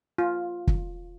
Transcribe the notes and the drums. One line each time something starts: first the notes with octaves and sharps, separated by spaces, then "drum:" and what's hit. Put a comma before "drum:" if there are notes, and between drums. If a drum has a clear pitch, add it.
F4
drum: kick